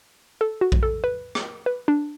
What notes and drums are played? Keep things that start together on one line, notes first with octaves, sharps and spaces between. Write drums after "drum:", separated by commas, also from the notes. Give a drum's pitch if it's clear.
A4
F#4
drum: kick A#1
A4
B4
drum: rim click
B4
D4